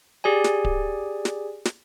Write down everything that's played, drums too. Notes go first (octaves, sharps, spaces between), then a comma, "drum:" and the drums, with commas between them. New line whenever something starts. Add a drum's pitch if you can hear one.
G4 G#4 D5 G#5
drum: snare
drum: kick D1
drum: snare
drum: snare